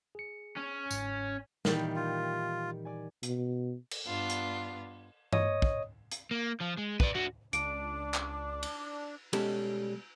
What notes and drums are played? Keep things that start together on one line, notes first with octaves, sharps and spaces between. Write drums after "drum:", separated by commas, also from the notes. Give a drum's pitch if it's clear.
G#4 C#7
C#4
G1 G#2, drum: tambourine
A#2 D#3 E3 G3 A#3, drum: snare
F4
D5 G#5
B2, drum: hi-hat
drum: cymbal
G2 B3 D4 F4
drum: hi-hat
C#5 D#5 D#6, drum: tom G2
drum: kick
drum: hi-hat
A#3
F3
G#3
B4 D5, drum: kick
D4 F#4
C#2 D4 D6 D7, drum: hi-hat
drum: clap
drum: cymbal
B2 G3 G#3 C#4 G4 A4, drum: cymbal